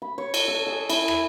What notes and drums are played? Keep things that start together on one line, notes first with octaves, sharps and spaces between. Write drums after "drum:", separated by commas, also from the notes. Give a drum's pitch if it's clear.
B5
C#5
drum: cymbal
A4
G#4
E4, drum: cymbal
drum: rim click